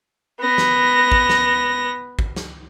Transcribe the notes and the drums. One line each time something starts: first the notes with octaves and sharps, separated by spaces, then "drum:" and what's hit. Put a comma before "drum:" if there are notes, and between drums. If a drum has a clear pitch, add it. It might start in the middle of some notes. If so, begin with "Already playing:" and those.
B3 A#6
drum: snare
drum: kick
drum: snare
drum: kick
drum: snare